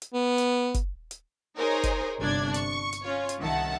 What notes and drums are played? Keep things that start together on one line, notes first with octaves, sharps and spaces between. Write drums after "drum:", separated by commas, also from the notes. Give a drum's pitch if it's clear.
drum: hi-hat
B3
drum: hi-hat
drum: kick F#1, hi-hat
drum: hi-hat
D#4 G#4 A#4 C5 C#5
drum: kick F#1, hi-hat
G1 C3 D4 D5 G#6
C#6, drum: hi-hat
drum: hi-hat
C#4 F4 C#5
drum: hi-hat
C2 D#3 E5 F#5 A5